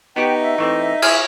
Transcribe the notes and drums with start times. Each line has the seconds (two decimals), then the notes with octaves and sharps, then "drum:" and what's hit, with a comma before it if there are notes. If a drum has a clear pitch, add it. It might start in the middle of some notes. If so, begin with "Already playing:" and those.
0.16 B3 D#4 F#4 G4 G5
0.41 E5
0.58 E3 A3 C4 C#6
0.78 E5
1.02 E4 G#4 F6 G#6, drum: cymbal